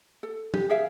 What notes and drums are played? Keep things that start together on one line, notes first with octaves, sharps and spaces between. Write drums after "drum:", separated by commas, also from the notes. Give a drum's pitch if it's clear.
A4
G4, drum: tom
G#4 A#4 E5 F5